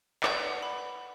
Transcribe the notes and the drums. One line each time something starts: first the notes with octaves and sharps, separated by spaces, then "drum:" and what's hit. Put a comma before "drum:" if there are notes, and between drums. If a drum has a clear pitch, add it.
B4 D5 F#5 D6, drum: clap
B5